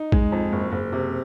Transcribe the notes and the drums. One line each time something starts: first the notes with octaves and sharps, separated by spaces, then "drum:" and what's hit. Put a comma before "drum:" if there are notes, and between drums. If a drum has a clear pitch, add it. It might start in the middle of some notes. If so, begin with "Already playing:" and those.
Already playing: D#4
G#3, drum: kick A#1
F2
F#1
F#1
C3